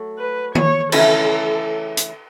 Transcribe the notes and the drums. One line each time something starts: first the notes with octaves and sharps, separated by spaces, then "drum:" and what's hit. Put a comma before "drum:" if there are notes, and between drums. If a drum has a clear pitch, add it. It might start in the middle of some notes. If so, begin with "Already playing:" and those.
Already playing: F#3 A3
B4
C#5, drum: tom D#3
C#3 E3 A3 C#4 E4 A4, drum: cymbal
drum: hi-hat